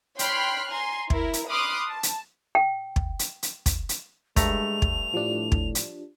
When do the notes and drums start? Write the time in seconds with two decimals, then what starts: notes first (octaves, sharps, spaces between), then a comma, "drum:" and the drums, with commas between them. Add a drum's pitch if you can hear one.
0.19 C#5 G5 B5 C6 F6 F#6, drum: hi-hat
0.71 G#5 A#5 C6
1.10 E4 A#4, drum: kick
1.33 drum: hi-hat
1.49 B5 C6 D6 D#6 F6 F#6
1.88 A5
2.03 drum: hi-hat
2.55 G5
2.96 drum: kick
3.19 drum: hi-hat
3.43 drum: hi-hat
3.66 drum: kick, hi-hat
3.89 drum: hi-hat
4.36 G2 G#3 A3 A#5 F7, drum: kick, hi-hat
4.82 drum: kick
5.14 A2 F3 G3 D4
5.52 drum: kick
5.75 drum: hi-hat